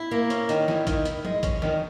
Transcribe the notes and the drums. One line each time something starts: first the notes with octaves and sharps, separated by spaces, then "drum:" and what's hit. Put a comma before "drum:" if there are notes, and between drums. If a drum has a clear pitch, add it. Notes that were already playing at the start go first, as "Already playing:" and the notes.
Already playing: E4
A#3
C#4, drum: hi-hat
D#3, drum: hi-hat
E4, drum: snare
D#3, drum: kick, hi-hat
E4, drum: hi-hat
G#3, drum: tom F3
C#4, drum: kick, hi-hat
D#3, drum: snare